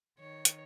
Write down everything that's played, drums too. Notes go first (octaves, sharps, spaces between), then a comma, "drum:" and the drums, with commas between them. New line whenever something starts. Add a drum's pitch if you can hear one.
D#3 C#5
drum: hi-hat